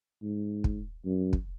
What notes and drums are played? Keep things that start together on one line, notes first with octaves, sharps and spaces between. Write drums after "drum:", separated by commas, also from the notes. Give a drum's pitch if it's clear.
G#2
drum: kick
F#2
drum: kick